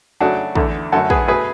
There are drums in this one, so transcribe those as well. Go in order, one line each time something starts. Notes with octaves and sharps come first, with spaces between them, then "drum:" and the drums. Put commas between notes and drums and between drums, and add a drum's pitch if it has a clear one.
C#3 F#3 A3 D4 F#4
E2 D3 A3, drum: kick
F#2 D3 A3 F#4 A4
G#4 B4, drum: kick
B2 A3 G#4 B4